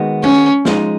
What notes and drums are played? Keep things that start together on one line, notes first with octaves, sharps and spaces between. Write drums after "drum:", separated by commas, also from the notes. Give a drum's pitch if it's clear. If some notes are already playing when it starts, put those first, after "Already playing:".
Already playing: D#3 G#3 B3 F#4
C#4, drum: tom G#3
F3 G#3 D#4, drum: snare